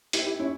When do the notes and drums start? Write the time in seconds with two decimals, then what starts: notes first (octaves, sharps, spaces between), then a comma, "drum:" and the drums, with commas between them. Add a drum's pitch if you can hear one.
0.13 E4 G4, drum: hi-hat
0.26 E4 G4
0.39 C#4 E4